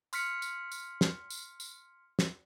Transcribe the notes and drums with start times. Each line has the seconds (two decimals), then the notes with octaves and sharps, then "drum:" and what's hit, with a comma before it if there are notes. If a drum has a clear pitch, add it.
0.13 C6 F6 B6 C#7, drum: tambourine
0.42 drum: tambourine
0.72 drum: tambourine
1.01 drum: snare
1.30 drum: tambourine
1.60 drum: tambourine
2.19 drum: snare